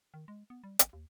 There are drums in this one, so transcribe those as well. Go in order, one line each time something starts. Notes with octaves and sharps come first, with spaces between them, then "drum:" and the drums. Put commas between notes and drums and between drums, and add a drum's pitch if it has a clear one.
D#3
G#3
B3
G3
A1, drum: hi-hat
D#2